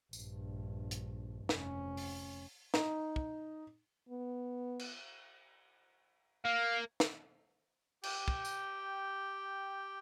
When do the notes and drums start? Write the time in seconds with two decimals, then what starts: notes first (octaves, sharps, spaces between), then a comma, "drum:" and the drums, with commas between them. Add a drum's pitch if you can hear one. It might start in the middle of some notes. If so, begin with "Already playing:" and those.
0.13 A#1 G2, drum: tambourine
0.91 drum: hi-hat
1.49 F1 C#4, drum: snare
1.97 drum: open hi-hat
2.74 D#4, drum: snare
3.16 drum: kick
4.09 B3
4.79 drum: cymbal
6.45 A#3 F5
7.00 drum: snare
8.03 G4 G5, drum: cymbal
8.28 drum: kick
8.45 drum: tambourine